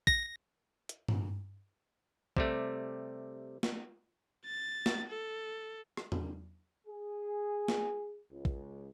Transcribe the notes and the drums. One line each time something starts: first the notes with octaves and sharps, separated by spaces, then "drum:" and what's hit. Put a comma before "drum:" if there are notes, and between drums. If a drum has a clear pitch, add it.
A#6, drum: kick
drum: hi-hat
drum: tom G2
C3 G3 A3, drum: kick
drum: snare
A6
drum: snare
A4
drum: rim click
drum: tom
G#4
drum: snare
C#2
drum: kick